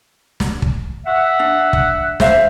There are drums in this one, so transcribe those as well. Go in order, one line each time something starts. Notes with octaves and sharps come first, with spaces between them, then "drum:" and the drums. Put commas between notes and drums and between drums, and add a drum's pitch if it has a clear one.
drum: snare
drum: kick
E5 F#5
D4
drum: kick
C5 E5 F5, drum: snare